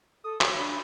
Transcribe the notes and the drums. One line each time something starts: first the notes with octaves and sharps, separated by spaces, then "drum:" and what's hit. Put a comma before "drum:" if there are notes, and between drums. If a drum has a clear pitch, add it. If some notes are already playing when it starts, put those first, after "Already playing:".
A4 D#6
F#4 C#5, drum: clap
D4 B5